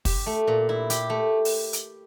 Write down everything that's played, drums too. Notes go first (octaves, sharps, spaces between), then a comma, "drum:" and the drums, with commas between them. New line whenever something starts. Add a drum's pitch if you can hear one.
G4, drum: kick, open hi-hat
A3
A#2
E4
G4, drum: hi-hat
A3
drum: open hi-hat
drum: hi-hat